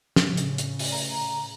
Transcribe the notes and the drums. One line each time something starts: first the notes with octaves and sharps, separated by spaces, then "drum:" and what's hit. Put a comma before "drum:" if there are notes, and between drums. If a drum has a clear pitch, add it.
A2 C#3, drum: snare
drum: hi-hat
drum: hi-hat
drum: open hi-hat
A#5